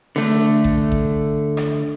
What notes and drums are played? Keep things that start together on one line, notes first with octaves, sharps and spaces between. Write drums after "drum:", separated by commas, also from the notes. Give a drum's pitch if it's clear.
D3 A3, drum: open hi-hat
drum: kick A1
drum: kick A1
drum: rim click